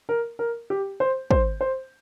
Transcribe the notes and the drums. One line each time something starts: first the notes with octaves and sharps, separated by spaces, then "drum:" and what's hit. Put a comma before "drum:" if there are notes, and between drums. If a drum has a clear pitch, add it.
A#4
A#4
G4
C5
C5, drum: kick
C5